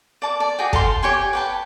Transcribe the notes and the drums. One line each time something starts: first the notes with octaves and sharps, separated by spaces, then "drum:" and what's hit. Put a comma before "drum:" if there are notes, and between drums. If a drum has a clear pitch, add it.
D5 A5 D6
D5
F#4 G#4 G5
A4 F5 A5 C6, drum: kick
G4 C#5 G5 G#5
B4 G5 A5